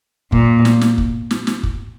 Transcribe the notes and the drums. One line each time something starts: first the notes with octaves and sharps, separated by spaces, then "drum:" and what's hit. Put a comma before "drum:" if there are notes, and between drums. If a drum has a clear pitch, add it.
A#2, drum: kick
drum: snare
drum: snare
drum: kick
drum: snare
drum: snare
drum: kick